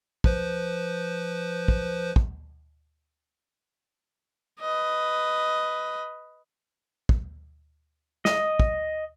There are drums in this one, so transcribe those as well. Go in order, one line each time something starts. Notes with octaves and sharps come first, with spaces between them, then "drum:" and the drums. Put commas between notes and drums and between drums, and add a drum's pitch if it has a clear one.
F3 B4 C5, drum: kick
drum: kick
drum: kick
B4 D#5
drum: kick
D#5, drum: snare
drum: kick